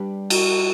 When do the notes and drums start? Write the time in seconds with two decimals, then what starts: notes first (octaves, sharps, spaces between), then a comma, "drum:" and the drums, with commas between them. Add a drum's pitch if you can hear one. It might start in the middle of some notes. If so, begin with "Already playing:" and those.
Already playing: G3 D4 G4 B4
0.30 F#4, drum: cymbal